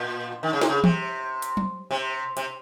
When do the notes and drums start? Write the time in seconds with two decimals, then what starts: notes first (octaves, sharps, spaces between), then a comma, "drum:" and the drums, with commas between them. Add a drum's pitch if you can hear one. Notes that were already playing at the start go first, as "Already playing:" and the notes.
Already playing: A#2
0.43 D#3
0.53 C#3
0.61 C3, drum: snare
0.68 C#3
0.84 C3, drum: tom E3
1.42 drum: hi-hat
1.57 drum: tom F#3
1.91 C3
2.37 C3, drum: hi-hat